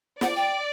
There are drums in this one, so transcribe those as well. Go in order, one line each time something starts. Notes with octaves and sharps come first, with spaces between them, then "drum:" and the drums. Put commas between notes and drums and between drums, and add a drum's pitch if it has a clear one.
D5 F#5, drum: snare
G5